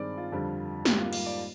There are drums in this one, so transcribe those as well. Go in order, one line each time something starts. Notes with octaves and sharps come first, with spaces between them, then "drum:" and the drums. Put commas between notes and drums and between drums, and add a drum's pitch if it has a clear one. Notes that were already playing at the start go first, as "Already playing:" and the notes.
Already playing: G2 D#3 G#3 C4 D5
F4
F2 D3 G3 C4
G#2 G3 A#3 G4, drum: snare
F4
F4, drum: cymbal
D5